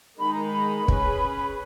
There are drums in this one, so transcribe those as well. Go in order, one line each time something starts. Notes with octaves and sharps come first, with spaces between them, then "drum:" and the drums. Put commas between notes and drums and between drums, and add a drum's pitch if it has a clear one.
D#3 G#3 D#4 B5
A#5
B5
C#4 G#4 B4, drum: kick